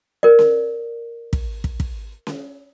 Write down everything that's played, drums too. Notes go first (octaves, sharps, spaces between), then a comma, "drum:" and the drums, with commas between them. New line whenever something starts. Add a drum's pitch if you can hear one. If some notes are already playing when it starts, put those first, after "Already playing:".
A#4 D5
drum: snare C#4
drum: kick
drum: kick
drum: kick
drum: snare C#4